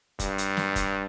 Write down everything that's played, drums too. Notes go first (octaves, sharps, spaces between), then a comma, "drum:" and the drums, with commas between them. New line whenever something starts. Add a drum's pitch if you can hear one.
G2, drum: kick, hi-hat
drum: hi-hat
drum: snare
drum: kick, hi-hat